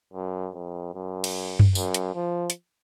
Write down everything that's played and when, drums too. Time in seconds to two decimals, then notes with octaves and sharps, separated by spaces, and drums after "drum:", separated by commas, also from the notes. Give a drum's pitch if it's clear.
0.13 F#2
0.55 F2
0.94 F#2
1.24 drum: cymbal
1.59 drum: tom F#2
1.75 F#2, drum: tambourine
1.94 drum: hi-hat
2.15 F3
2.50 drum: hi-hat